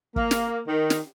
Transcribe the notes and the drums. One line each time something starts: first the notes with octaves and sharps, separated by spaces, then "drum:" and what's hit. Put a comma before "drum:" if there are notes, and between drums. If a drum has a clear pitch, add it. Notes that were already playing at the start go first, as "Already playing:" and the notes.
A#3, drum: kick
drum: snare
D#3
drum: snare